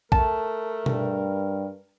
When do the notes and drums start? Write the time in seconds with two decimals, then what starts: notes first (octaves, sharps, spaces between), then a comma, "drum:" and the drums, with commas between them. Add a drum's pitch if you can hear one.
0.12 A3 A#4 A5, drum: kick
0.86 G2, drum: tom B2